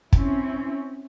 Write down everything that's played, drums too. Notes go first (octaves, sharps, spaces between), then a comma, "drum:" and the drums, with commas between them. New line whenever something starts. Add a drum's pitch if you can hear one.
C4 C#4 E4, drum: kick